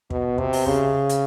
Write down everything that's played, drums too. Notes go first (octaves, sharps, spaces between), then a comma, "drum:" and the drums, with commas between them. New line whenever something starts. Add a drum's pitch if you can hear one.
B2, drum: kick
C3, drum: kick
drum: open hi-hat
C#3, drum: kick
drum: hi-hat